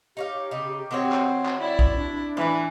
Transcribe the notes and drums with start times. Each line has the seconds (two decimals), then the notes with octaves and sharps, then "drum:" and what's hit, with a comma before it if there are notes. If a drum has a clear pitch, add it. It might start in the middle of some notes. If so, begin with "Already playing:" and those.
0.17 D#4 G4 C#5 F5
0.51 C#3 D#4
0.91 D#3 C4 F#4 C#5
1.12 drum: clap
1.46 drum: clap
1.60 E4 D5
1.79 drum: kick
1.96 D4
2.37 A2 E3 B4